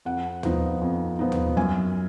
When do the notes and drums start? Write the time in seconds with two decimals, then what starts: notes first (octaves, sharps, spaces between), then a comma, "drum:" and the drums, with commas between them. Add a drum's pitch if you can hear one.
0.05 F2 F#5
0.43 F3 B3 D#4, drum: tom D#2
0.81 F2
1.19 F3 B3 D#4
1.32 drum: tom D#2
1.57 F#2 G#5